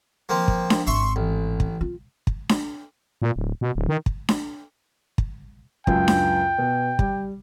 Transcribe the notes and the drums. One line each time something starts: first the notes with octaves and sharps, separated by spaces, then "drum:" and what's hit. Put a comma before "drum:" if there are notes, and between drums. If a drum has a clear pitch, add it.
F3 A#3 C4
drum: kick
drum: snare D4
G#1 C4 E5 C6 C#6
A1
drum: kick
F4
drum: kick
drum: snare D4
A#2
D1
B2
D1
D#3
drum: kick
drum: snare D4
drum: kick
C#2 F#2 G5, drum: kick
drum: snare D4
B2
G3, drum: kick